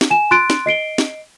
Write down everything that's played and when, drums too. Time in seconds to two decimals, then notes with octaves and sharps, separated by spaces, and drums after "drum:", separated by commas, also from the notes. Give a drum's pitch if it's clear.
0.01 drum: snare
0.11 G#5 E7
0.31 C6 F#6 A6 D7
0.50 drum: snare
0.66 D#5 C7 D7 G7
0.98 drum: snare